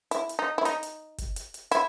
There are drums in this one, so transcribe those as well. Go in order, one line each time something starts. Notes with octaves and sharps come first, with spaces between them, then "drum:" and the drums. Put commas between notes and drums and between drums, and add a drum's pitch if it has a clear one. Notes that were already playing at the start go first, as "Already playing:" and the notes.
E4, drum: hi-hat
drum: hi-hat
D#4
E4
D#4, drum: hi-hat
drum: hi-hat
drum: kick F#1, hi-hat
drum: hi-hat
drum: hi-hat
E4, drum: hi-hat